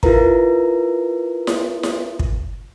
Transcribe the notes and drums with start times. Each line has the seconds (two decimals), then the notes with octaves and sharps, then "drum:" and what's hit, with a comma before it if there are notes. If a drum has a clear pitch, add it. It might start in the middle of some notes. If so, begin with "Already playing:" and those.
0.03 E4 F4 A#4 B4 A#5, drum: kick
1.47 drum: snare E4
1.83 drum: snare E4
2.19 drum: kick